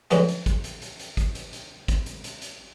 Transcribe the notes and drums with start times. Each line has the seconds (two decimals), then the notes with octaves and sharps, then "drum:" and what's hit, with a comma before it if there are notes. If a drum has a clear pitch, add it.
0.11 A1 F2 D3 E3 F#3 G#3, drum: hi-hat
0.28 drum: hi-hat
0.46 drum: kick, hi-hat
0.64 drum: hi-hat
0.82 drum: hi-hat
1.00 drum: hi-hat
1.17 drum: kick, hi-hat
1.35 drum: hi-hat
1.53 drum: hi-hat
1.88 drum: kick, hi-hat
2.06 drum: hi-hat
2.24 drum: hi-hat
2.42 drum: hi-hat